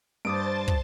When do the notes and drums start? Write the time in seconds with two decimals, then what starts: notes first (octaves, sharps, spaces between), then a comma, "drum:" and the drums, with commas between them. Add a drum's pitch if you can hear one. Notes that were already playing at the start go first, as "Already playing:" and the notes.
0.25 G2 C5 A5 D6 D#6 A6 D7
0.68 drum: kick